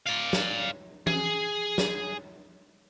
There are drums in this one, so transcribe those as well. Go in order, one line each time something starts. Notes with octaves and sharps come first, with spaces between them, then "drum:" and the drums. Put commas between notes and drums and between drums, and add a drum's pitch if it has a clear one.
D5 F5, drum: tambourine
drum: snare
G#4, drum: tom
drum: snare